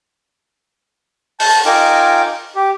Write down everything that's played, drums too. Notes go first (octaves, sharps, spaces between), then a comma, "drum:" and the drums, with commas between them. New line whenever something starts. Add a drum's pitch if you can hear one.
A5 G6, drum: open hi-hat
D#4 F4 A#4 G5 G#5 D6
G4